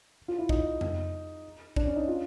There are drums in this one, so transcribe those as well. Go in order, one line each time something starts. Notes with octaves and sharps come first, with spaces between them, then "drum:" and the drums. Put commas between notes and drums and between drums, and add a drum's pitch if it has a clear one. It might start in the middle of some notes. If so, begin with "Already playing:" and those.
F4
E4
D#4, drum: kick
drum: tom F2
D4, drum: kick
C#4
D#4
F4